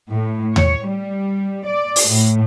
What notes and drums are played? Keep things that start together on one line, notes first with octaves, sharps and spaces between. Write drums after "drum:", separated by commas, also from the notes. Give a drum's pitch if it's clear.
A2
C#5, drum: tom D#2
G3
D5
drum: open hi-hat
A2